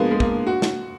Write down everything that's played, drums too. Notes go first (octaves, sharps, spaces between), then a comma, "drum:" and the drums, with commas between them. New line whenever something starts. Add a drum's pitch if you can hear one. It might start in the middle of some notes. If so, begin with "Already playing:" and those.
Already playing: F3 G#3 A#3 B3
G#3
A#3, drum: kick
F#4
drum: snare